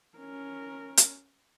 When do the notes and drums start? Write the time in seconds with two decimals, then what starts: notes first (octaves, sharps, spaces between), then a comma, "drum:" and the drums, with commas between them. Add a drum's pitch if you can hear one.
0.18 C#4 A#4
0.97 drum: hi-hat